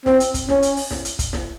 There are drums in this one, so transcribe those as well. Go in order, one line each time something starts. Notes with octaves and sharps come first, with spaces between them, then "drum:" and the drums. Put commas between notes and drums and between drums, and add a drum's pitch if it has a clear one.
C4, drum: snare
drum: hi-hat
drum: kick, hi-hat
C#4, drum: snare
drum: hi-hat
drum: open hi-hat
drum: snare
drum: hi-hat
drum: kick, hi-hat
drum: snare